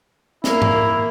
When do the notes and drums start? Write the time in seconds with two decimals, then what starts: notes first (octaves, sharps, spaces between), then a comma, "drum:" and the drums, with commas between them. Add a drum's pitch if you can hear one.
0.44 A#3 E4, drum: snare
0.62 drum: tom G#2